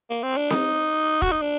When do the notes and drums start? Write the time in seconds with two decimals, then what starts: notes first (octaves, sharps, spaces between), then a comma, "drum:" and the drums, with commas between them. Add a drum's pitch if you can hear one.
0.10 A#3
0.23 C4
0.37 D4
0.50 D#4, drum: snare C4
1.22 F#4, drum: kick
1.32 D#4
1.42 D4